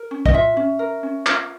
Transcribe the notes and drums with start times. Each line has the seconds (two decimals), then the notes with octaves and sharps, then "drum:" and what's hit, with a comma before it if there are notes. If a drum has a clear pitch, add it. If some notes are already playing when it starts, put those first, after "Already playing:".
Already playing: A#4
0.11 C#4
0.26 D#5, drum: kick
0.33 F4 E5
0.57 C#4
0.79 A#4
1.03 C#4
1.26 F4, drum: clap